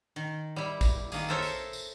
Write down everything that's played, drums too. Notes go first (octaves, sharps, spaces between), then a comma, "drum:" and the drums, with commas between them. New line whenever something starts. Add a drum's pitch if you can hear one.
D#3
G3 E4
drum: kick, tambourine
D#3 A#3 G#4, drum: tambourine
A4 A#4 C5 C#5 E5
drum: tambourine
drum: tambourine